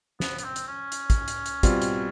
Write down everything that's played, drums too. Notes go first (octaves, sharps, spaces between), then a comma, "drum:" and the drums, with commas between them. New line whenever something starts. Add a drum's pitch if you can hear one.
B3, drum: snare
B3, drum: hi-hat
C4
drum: hi-hat
C#4
drum: hi-hat
drum: kick, hi-hat
drum: hi-hat
drum: hi-hat
B2 G3 C4 F4, drum: kick, hi-hat
drum: hi-hat